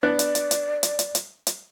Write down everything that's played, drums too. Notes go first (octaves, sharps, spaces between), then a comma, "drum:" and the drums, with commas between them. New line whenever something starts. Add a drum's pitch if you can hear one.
B3 D4 D5 F#6
drum: hi-hat
drum: hi-hat
drum: hi-hat
drum: hi-hat
drum: hi-hat
drum: hi-hat
drum: hi-hat